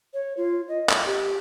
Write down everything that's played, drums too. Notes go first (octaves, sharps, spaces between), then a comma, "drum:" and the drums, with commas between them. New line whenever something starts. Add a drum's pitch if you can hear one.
C#5
F4
D#5
drum: clap
G4